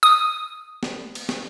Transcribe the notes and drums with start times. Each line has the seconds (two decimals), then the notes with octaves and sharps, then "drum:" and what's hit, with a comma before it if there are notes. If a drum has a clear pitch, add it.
0.03 D#6
0.83 drum: snare
1.15 drum: cymbal
1.29 drum: snare